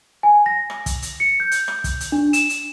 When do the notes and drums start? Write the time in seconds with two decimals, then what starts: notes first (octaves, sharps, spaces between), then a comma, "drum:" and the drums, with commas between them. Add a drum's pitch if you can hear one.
0.23 G#5
0.46 A#6
0.70 drum: rim click
0.86 drum: kick, hi-hat
1.02 drum: hi-hat
1.20 C#7
1.40 G6
1.51 drum: hi-hat
1.68 drum: rim click
1.84 drum: kick, hi-hat
2.01 drum: hi-hat
2.12 D4
2.33 E7, drum: hi-hat
2.50 drum: hi-hat